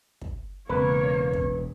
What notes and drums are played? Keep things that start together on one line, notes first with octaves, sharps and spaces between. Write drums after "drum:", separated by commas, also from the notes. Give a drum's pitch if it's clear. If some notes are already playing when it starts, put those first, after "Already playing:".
drum: kick
E1 C#3 A#3 C4 A#4 B4 C#5
drum: kick